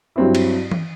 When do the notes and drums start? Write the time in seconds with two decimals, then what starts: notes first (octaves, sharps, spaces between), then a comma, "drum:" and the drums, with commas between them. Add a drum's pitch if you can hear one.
0.16 G2 F#3 C4 E4
0.35 drum: cymbal
0.72 drum: tom E3